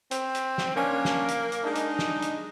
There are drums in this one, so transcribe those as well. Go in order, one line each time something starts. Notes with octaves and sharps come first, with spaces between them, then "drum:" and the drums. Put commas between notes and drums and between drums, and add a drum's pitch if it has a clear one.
C4, drum: hi-hat
drum: hi-hat
drum: snare
A#3 C#4 D4
drum: snare
drum: hi-hat
drum: hi-hat
G#3 D4 D#4
drum: hi-hat
drum: snare
drum: hi-hat